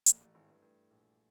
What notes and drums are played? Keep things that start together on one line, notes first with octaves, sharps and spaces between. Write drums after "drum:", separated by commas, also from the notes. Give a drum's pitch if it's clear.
A#1 A#2 A3, drum: hi-hat
A1 A2
G#1 G#2 E3
G2
G2 A3
A#1